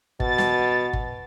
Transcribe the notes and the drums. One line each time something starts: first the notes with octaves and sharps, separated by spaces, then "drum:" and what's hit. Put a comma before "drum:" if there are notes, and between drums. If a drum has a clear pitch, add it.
B2 A6, drum: kick G1
drum: snare
drum: kick G1